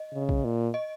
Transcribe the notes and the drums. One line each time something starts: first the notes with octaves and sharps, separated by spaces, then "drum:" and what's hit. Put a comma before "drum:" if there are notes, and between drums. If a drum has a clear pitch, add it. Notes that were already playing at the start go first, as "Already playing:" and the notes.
Already playing: D#5
C#3
drum: kick A#1
A#2
D#5